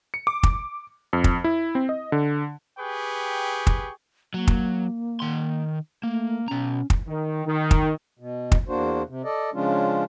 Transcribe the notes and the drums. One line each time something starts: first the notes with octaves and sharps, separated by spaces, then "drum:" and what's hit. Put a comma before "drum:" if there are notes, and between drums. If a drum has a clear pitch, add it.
C#7
D6
drum: kick
F2
drum: kick
E4
C4
D#5
D3
G4 G#4 B4 G5 C#6
drum: kick
F#3 A#3
drum: kick
D#3 C6
A3 A#3
B2 C#4 A#5
drum: kick
D#3
D#3
drum: kick
B2
drum: kick
E2 A#3 D4 F#4 C5
C3
A4 D5 D#5
C#3 F3 G#3 C#4 D4 F4